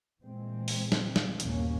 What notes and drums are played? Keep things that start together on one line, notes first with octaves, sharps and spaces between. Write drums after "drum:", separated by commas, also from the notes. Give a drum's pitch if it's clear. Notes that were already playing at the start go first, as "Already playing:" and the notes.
A#2 E3 G#3 C4
drum: open hi-hat
drum: snare
drum: snare
G1 D#2 A#2 A#3 C#4, drum: hi-hat